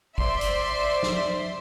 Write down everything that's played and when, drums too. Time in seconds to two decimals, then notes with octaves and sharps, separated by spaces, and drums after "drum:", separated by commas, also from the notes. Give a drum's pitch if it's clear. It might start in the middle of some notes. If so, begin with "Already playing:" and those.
0.18 C5 D5 E5 C6, drum: kick
0.41 drum: hi-hat
1.03 drum: snare